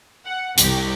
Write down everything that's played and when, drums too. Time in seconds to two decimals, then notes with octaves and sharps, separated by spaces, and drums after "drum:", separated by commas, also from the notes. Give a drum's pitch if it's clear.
0.24 F#5
0.58 C2 G4, drum: hi-hat